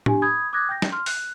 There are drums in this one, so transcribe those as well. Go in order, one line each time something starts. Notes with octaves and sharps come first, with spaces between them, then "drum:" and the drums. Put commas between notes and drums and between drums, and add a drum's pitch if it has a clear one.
D4 G4 G#5, drum: tom
B5 D#6 G6 G#6
D6 D#6 F#6 G#6 A#6
G5 G6 A#6
drum: snare
C6 F6
F#6, drum: open hi-hat